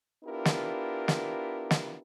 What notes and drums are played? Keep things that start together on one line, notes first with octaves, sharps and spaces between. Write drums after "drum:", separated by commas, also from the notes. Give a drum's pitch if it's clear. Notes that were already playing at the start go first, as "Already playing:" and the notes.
B3 D4 E4 F4 G4 A#4
drum: snare
drum: snare
drum: snare